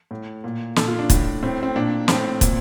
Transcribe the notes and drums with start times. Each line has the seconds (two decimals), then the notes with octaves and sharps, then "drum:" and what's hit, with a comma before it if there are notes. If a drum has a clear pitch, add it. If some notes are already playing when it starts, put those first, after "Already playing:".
0.11 A2
0.44 A#2
0.76 A#2 A4, drum: snare
0.88 F4
0.99 D4
1.10 A2, drum: kick, hi-hat
1.43 A2 C4
1.63 C4
1.76 A#2 D4
2.08 A2 C4, drum: snare
2.41 A#2, drum: kick, hi-hat